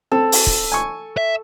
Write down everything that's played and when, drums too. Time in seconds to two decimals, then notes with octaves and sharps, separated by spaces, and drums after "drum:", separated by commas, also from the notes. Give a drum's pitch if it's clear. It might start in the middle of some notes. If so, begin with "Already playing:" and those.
0.12 C4 A4
0.32 drum: open hi-hat
0.47 drum: kick
0.72 G#5 C#6
1.17 E5